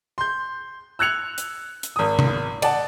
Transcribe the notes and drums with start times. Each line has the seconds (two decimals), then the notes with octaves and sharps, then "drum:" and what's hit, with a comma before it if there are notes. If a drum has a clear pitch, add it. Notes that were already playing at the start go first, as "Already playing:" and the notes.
0.18 C6 G6
0.99 E6 F#6 G#6 C#7 F7
1.38 drum: hi-hat
1.83 drum: hi-hat
1.96 G#1 D#6
2.19 drum: tom C3
2.62 D5 F#5 A5, drum: cymbal